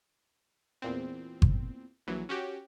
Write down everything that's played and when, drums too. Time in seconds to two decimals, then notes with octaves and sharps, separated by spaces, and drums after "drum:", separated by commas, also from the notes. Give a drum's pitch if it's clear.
0.82 E2 A#2 C4
1.42 drum: kick G1
2.07 A#1 E3 F#3
2.29 C#4 F#4 G4